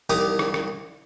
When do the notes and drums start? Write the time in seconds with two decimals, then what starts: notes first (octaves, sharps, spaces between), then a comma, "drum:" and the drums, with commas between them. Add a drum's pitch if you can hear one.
0.10 C2 D#3 G4 A#5 D6 D#6
0.39 drum: rim click
0.54 drum: rim click